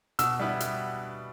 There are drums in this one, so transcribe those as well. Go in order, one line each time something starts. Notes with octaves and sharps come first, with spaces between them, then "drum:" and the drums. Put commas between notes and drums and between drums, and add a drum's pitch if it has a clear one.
B2 E6, drum: hi-hat
G3 B3 E4
drum: hi-hat